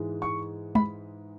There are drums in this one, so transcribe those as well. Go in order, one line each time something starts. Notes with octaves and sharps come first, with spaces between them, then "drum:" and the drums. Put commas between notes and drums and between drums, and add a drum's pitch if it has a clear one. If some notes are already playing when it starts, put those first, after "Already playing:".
Already playing: G#2 E3 G#3
C#6
B5, drum: tom